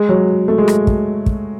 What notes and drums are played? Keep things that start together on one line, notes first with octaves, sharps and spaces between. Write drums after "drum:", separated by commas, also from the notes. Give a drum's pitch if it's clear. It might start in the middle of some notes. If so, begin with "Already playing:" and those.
Already playing: G#3
F#3
A3
G#3
drum: rim click
drum: kick
drum: kick